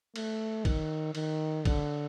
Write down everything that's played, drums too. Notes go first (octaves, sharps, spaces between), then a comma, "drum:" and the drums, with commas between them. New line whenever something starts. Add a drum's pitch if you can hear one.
A3, drum: cymbal
D#3, drum: kick, cymbal
D#3, drum: cymbal
D3, drum: kick, cymbal